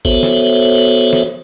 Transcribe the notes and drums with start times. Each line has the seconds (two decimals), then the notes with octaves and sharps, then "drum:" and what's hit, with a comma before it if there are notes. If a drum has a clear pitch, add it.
0.05 B3 F#4 A4 C5 C#5 E5, drum: kick G#1
0.23 drum: snare
1.13 drum: snare